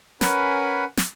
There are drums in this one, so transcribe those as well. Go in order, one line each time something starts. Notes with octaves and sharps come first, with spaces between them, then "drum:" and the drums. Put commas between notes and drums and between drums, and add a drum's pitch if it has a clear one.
C#4 A#4 B4 F#5 G#5 B5, drum: snare
drum: snare